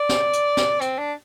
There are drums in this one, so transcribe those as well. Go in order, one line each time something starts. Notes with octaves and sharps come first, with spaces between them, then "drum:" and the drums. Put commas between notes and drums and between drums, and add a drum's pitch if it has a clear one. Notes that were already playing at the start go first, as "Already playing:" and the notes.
Already playing: D5
drum: snare
drum: hi-hat
drum: snare
C4, drum: hi-hat
D4